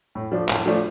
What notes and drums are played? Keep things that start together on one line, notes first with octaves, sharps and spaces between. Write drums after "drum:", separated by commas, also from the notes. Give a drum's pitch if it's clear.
A2
F3 A3 D4
A2, drum: clap
F3 A3 D4